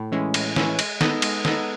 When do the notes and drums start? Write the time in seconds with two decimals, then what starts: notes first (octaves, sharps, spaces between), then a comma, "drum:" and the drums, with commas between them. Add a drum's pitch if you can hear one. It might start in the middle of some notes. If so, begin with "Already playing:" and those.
Already playing: A2
0.12 E3 G#3 C#4 E4
0.34 A2, drum: cymbal
0.56 E3 G#3 C#4 E4, drum: snare
0.79 G#3, drum: cymbal
1.01 B3 D#4 A4 D#5, drum: snare
1.22 G#3, drum: cymbal
1.45 B3 D#4 A4 D#5, drum: snare